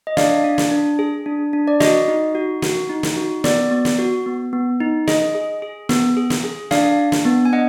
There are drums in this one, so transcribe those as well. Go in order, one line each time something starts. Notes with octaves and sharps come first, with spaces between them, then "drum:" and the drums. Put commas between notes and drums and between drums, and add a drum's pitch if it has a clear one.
D#5
D4 D5 F5, drum: snare
D4
drum: snare
D4
G#4
D4
D4
D5
F#4 D#5, drum: snare
D#4
F#4
F#4, drum: snare
D#4
drum: snare
F#4
B3 D5, drum: snare
B3
drum: snare
F#4
B3
B3
D#4
G#4 D#5, drum: snare
G#4
G#4
B3, drum: snare
G#4
drum: snare
G#4
D4 D5 F5, drum: snare
D4
drum: snare
B3
G#5
D4 D#5 F#5